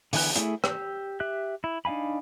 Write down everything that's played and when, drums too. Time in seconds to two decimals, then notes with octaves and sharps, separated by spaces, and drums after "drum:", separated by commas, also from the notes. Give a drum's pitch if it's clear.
0.13 D3 E3 B3 G#5 F#6, drum: open hi-hat
0.36 A3 E4 G#4, drum: hi-hat
0.64 G4 E6, drum: rim click
1.20 G4 E5 F#6
1.64 E4
1.85 D4 D#4 F5 G#5 B5